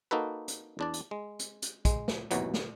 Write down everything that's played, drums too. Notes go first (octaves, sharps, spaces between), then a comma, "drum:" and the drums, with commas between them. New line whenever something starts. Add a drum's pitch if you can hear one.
A#3 D#4 F#4 A4 B4
drum: hi-hat
E2 D4 D5
drum: hi-hat
G#3
drum: hi-hat
drum: hi-hat
G#3, drum: kick, hi-hat
drum: snare
G#1 D#2 B2 E3 F#3, drum: hi-hat
drum: snare